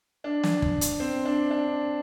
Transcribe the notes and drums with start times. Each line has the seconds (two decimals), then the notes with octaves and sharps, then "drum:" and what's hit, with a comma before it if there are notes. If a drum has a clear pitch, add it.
0.24 D4
0.43 drum: snare
0.62 drum: kick
0.81 drum: hi-hat
1.00 C4
1.25 D4
1.51 D4